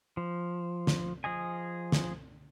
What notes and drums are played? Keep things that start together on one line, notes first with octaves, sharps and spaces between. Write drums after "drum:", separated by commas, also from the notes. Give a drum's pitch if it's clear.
F3
drum: snare
F3 G#4 D#5 G#5
drum: snare